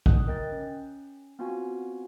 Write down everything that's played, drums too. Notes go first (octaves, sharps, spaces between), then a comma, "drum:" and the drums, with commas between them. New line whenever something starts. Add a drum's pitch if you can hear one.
D#6 F#6, drum: kick
A#4 D#5 G5 G6 A6
C#4
B3 C4 F4 F#4 F5 G#5